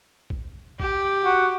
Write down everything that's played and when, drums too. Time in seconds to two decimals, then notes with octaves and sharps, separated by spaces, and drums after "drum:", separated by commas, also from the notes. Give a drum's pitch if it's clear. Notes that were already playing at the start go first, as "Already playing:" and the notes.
0.30 drum: kick A#1
0.80 G4, drum: kick A#1
1.25 F#4